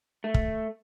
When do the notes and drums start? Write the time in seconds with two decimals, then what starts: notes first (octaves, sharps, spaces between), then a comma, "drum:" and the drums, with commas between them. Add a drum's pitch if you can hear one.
0.24 A3
0.34 drum: kick